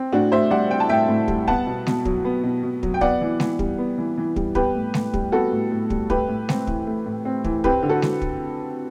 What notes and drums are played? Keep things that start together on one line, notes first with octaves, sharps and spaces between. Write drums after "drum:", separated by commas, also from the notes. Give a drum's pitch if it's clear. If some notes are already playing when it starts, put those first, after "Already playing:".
Already playing: C4
A2 D4 F#4
A2 C5 E5
G3 D5 F#5
C4 G5
A5
A2 E5 G5
A2
G3, drum: kick
B3 F#5 A5, drum: kick
B2
B2, drum: snare G#3
F#3, drum: kick
B3
B2
B2
F#3, drum: kick
G5
B3 D5 F#5, drum: kick
E3
E3, drum: snare G#3
G3, drum: kick
B3
E3
E3
G3, drum: kick
B3 G4 B4, drum: kick
A2
A2, drum: snare G#3
G3, drum: kick
B3 F#4 A4
A2
A2
G3, drum: kick
A3 G4 B4, drum: kick
A2
C4, drum: snare G#3
E3, drum: kick
A3
A2
C4
E3, drum: kick
C4 G4 B4, drum: kick
D3
F#4 A4
drum: snare G#3
drum: kick